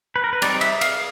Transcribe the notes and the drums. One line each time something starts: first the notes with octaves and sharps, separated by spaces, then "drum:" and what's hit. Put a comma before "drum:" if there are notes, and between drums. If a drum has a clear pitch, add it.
B4
A#4
B4
G3 C4 D#4 D5, drum: cymbal
E5, drum: cymbal
F5, drum: cymbal